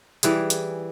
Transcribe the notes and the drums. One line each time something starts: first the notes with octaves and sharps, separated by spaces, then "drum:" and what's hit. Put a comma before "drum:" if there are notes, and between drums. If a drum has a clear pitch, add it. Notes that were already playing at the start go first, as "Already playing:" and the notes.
E3 G3 G#4, drum: hi-hat
drum: hi-hat